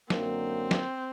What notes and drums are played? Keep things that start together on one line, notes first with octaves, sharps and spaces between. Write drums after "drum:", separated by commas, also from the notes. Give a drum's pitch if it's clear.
F#2 D3 F#3 A#3 C4, drum: snare
drum: snare